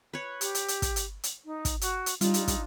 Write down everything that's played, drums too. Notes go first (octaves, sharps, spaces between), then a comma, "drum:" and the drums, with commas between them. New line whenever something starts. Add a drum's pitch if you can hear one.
B4 C#5
G4, drum: hi-hat
drum: hi-hat
drum: hi-hat
drum: kick, hi-hat
drum: hi-hat
drum: hi-hat
D#4
drum: kick, hi-hat
F#4, drum: hi-hat
drum: hi-hat
G3 D4 D#4 F4, drum: hi-hat
drum: hi-hat
drum: kick, hi-hat